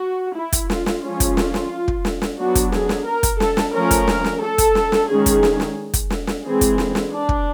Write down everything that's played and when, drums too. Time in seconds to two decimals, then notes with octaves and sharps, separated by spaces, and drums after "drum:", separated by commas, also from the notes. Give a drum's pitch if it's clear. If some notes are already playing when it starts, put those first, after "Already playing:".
Already playing: F#4
0.35 E4
0.53 drum: kick, hi-hat
0.70 F4, drum: snare
0.86 drum: snare
1.03 F3 G#3 C#4 F4
1.20 drum: kick, hi-hat
1.37 drum: snare
1.54 drum: snare
1.88 drum: kick
2.05 drum: snare
2.22 drum: snare
2.38 F#3 B3 D4 F#4
2.55 drum: kick, hi-hat
2.72 G#4, drum: snare
2.89 drum: snare
3.06 A#4
3.23 drum: kick, hi-hat
3.40 A4, drum: snare
3.57 drum: snare
3.74 F3 A3 C#4 A#4
3.91 drum: kick, hi-hat
4.08 drum: snare
4.24 drum: snare
4.42 A4
4.58 drum: kick, hi-hat
4.75 drum: snare
4.92 drum: snare
5.09 D#3 G#3 C#4 G#4
5.26 drum: kick, hi-hat
5.43 drum: snare
5.60 drum: snare
5.94 drum: kick, hi-hat
6.10 drum: snare
6.27 drum: snare
6.44 E3 G#3 C4 G#4
6.61 drum: kick, hi-hat
6.78 drum: snare
6.95 drum: snare
7.12 D4
7.29 drum: kick